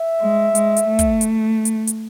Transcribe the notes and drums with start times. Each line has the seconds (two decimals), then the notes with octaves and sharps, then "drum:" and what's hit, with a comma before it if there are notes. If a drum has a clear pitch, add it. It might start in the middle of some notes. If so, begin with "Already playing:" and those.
Already playing: E5
0.21 G#3
0.55 G#3, drum: hi-hat
0.77 drum: hi-hat
0.87 A3
0.99 drum: kick, hi-hat
1.21 drum: hi-hat
1.65 drum: hi-hat
1.87 drum: hi-hat